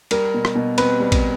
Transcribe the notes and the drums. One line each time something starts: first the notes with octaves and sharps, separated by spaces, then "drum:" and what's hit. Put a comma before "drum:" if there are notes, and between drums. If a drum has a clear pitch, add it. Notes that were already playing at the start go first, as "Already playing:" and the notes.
G3 A#4, drum: cymbal
B2
drum: rim click
B2
C4 B4, drum: cymbal
G3
drum: kick A1, cymbal